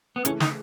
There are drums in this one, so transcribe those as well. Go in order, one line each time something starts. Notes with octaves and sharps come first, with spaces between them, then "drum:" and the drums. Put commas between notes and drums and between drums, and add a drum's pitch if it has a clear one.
B3
C#3 E3 A3 C#4, drum: hi-hat
D#4, drum: snare